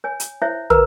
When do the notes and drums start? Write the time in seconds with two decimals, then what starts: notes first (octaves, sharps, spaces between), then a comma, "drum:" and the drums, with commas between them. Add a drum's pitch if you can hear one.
0.04 C#5 G#5
0.20 drum: hi-hat
0.42 E4 C5 C#5 E5
0.70 A#4 B4 A#5, drum: tom